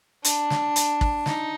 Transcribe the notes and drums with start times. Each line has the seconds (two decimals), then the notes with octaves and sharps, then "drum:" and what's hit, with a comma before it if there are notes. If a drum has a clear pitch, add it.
0.24 D4, drum: hi-hat
0.50 drum: snare
0.76 drum: hi-hat
1.01 drum: kick
1.26 D#4, drum: snare